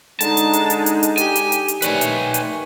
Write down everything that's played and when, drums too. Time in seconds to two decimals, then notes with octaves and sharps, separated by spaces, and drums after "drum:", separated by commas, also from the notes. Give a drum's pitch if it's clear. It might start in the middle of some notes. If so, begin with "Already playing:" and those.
0.21 D3 G#3 D4 D#4 A5, drum: hi-hat
0.37 drum: hi-hat
0.53 drum: hi-hat
0.70 drum: hi-hat
0.86 drum: hi-hat
1.03 drum: hi-hat
1.18 G4 G#5, drum: hi-hat
1.36 drum: hi-hat
1.52 drum: hi-hat
1.68 drum: hi-hat
1.82 D#3 G3 A3 B4 C#5 G#5, drum: hi-hat
2.01 drum: hi-hat
2.34 drum: hi-hat